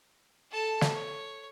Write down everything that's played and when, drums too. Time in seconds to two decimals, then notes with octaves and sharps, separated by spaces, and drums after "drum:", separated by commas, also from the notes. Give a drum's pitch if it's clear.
0.51 A4 A5
0.81 drum: snare
0.93 C#5